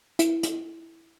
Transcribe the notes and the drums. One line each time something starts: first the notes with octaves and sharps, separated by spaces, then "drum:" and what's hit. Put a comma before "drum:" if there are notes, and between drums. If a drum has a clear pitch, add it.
E4, drum: hi-hat
drum: hi-hat